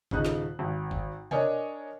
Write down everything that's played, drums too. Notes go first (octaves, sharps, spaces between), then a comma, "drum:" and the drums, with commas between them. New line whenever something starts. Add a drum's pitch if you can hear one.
D#1 C#3 D#4 F#6, drum: kick
drum: snare
G#1
drum: kick
D4 A#4 C#5 D#5 G#5, drum: tom B2